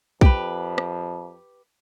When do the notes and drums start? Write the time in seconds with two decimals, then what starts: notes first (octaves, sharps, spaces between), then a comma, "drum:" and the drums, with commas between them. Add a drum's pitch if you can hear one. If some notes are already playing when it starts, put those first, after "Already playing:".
0.21 F2 G4 B4, drum: kick
0.78 drum: rim click